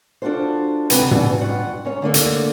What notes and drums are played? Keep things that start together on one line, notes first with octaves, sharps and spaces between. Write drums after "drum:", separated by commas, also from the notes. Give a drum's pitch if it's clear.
D4 F4 F#4 A4 C5
D2 G#2 C3 B4 F#5, drum: hi-hat
E2 B2 E3 D4, drum: tom
G2 F4 F#4 F#5
G#2 C#4 C#5
D3 A3 A#3 D4
drum: hi-hat